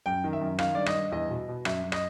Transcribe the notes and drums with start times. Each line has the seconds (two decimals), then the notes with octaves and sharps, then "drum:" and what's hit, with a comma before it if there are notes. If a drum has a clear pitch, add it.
0.06 F#2 G5
0.24 D#3
0.33 E5
0.41 F#2
0.59 D#3 F5, drum: rim click
0.75 G2 D5
0.86 D#5, drum: rim click
0.95 G2
1.12 E2 D#5
1.30 B2
1.49 B2
1.65 F#2 E5, drum: rim click
1.84 F#2
1.92 D#5, drum: rim click